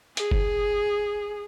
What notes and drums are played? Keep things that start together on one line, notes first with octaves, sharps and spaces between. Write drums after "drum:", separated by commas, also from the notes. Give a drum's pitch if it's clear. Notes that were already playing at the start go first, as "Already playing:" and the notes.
G#4, drum: hi-hat
drum: kick F#1